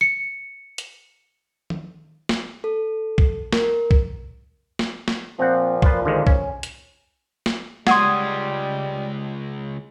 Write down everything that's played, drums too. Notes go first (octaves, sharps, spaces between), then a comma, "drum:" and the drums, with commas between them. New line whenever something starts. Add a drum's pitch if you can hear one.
C#7
drum: hi-hat
drum: tom D#3
drum: snare
A4
drum: kick B1
A#4, drum: snare
drum: kick B1
drum: snare
drum: snare
A#2 F3 C4 F#5
F4 B4, drum: kick B1
D3 D#3 G#3
C#4, drum: kick B1
drum: hi-hat
drum: snare
C#2 G3 G#3 F#5 C6 D#6 G#6, drum: snare